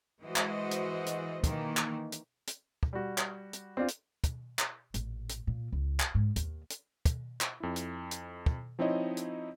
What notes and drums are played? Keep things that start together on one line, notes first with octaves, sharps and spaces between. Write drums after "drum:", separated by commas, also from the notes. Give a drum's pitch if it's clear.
E3 G#3 F#4 C5 D#5
drum: clap
drum: hi-hat
drum: hi-hat
D#3 E3 A#3, drum: kick, hi-hat
drum: clap
drum: hi-hat
drum: hi-hat
drum: kick
G3 F#4
drum: clap
drum: hi-hat
C4 D4 F4
drum: hi-hat
drum: kick, hi-hat
drum: clap
A1 A#2, drum: hi-hat
drum: hi-hat
A#2
C#2
drum: clap
G#2
D#2, drum: hi-hat
drum: hi-hat
drum: kick, hi-hat
drum: clap
F2 E4
drum: hi-hat
drum: hi-hat
drum: kick
F3 C4 D#4 E4 C#5 D#5
drum: hi-hat